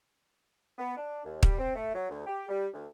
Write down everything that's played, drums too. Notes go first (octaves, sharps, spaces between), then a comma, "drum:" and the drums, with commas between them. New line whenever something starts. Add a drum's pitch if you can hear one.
B3
D4
D#2
G3, drum: kick
C4
A3
F#3
D2
G4
G3
D2